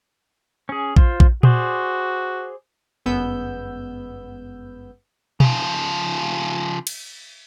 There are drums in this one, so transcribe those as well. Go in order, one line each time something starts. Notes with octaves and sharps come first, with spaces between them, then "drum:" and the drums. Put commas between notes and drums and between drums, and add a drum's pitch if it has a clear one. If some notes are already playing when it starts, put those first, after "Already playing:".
C#4 G#4
F4 C5, drum: kick A#1
drum: kick A#1
F#4 G#4 C5 D5, drum: tom A#2
G1 F#2 G#3 B3 E6 G6
C#3 F3, drum: tom B2
drum: cymbal